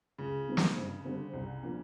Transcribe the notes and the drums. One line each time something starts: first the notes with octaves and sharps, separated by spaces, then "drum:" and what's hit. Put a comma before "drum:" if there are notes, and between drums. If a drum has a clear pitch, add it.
C#2 C#3
C3 D#3 G#3 C4
drum: snare
G2
D3 G3 C4
C2
A#2 F3 A#3 D4